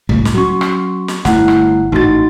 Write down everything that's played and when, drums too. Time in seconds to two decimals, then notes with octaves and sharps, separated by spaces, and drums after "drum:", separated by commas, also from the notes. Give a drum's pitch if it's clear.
0.09 C#2 A2 G3, drum: kick
0.25 drum: snare
0.34 F#3 C#4 F#4 C#6
0.61 drum: rim click
1.08 drum: snare
1.25 G1 A3 E4 F#5, drum: snare
1.48 drum: rim click
1.92 A1 G#2 D#4 F#4 A6